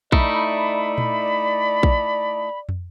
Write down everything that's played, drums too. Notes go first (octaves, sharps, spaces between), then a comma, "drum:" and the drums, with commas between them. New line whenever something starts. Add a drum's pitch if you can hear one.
A3 D#4 E4 D5 B5, drum: kick A#1
drum: tom A#2
drum: kick A#1
drum: tom